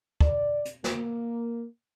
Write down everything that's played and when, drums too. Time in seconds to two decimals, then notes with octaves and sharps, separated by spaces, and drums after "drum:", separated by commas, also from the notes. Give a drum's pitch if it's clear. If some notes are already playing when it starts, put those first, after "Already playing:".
0.21 D5, drum: kick
0.65 drum: hi-hat
0.84 A#3, drum: snare